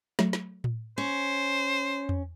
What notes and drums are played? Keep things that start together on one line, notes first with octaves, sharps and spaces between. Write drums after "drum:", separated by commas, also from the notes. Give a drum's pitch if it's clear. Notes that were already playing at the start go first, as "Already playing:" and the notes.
F#3 A3, drum: snare
drum: snare
drum: tom A2
C#4 C5
drum: tom E2